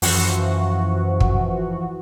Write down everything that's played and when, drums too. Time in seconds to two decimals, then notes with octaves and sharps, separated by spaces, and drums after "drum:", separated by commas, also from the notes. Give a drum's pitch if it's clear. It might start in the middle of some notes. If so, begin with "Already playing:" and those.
0.02 F#2 E3 F3 F#4, drum: open hi-hat
1.20 drum: kick